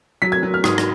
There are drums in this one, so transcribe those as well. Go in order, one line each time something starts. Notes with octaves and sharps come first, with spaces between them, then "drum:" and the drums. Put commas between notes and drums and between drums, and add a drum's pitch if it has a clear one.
F#3 B6
G#6
F#3
F6
G#2 D#6, drum: rim click
drum: rim click